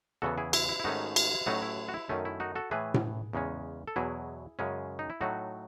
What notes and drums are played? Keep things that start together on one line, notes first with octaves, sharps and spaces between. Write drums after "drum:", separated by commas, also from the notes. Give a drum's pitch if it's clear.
E2 C#3 E3 B3 F#4 A4
E4 G#4
E4, drum: cymbal
E4
E4
G#2 D#3 A3 C#4 D#4 F#4
drum: cymbal
A2 F#3 A3 C#4 D#4 F#4
E4
F#4
E4
F#2 D#3 A3 C#4
E4
D#4 F#4
F#4 A4
A2 E3 A3 G#4 B4
drum: tom A2
E2 C#3 G#3 C#4
A4
E2 B2 F#3 E4 G#4
F#2 C#3 G#3 C#4
D#4
E4
A2 F#3 A3 D#4 F#4